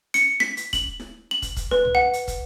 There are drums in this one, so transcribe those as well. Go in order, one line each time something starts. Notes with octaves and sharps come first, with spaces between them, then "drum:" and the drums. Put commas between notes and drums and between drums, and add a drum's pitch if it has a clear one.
C#7, drum: hi-hat
B6, drum: snare E4
drum: hi-hat
F#7, drum: kick, hi-hat
drum: snare E4
F#7
drum: kick, hi-hat
drum: kick, hi-hat
B4, drum: snare E4
drum: tom C2
F#5
drum: hi-hat
drum: kick, hi-hat